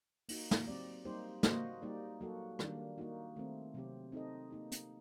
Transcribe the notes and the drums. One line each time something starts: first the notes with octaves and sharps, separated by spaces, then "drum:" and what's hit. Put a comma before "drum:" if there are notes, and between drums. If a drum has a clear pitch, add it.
A#3 D#4 F#4, drum: open hi-hat
drum: snare
F#3 C4 G4 D5
G3 A#3 D#4 G4 C5
A#3 F#4 C5 D#5, drum: snare
G3 A#3 D#4 G4 D5
F#3 A#3 F#4 A4
D#3 G3 A#3 D4, drum: rim click
A#3 D#4 F#4
D#3 A3 C4
C3 F#3 C4 G4
C4 D#4 A4 D#5
A#3 D#4 G4
drum: hi-hat